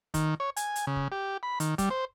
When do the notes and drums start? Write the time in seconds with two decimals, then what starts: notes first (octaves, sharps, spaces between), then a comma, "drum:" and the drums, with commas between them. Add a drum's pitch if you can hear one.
0.14 D#3, drum: kick, hi-hat
0.40 C#5
0.57 G#5, drum: hi-hat
0.76 drum: hi-hat
0.87 C#3
0.96 drum: kick
1.12 G4
1.43 B5
1.60 D#3, drum: hi-hat
1.78 G3, drum: kick, hi-hat
1.91 C5